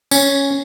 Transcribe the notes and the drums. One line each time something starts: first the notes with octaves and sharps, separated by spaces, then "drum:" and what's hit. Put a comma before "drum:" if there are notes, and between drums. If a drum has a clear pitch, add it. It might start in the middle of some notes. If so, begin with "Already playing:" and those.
C#4, drum: tambourine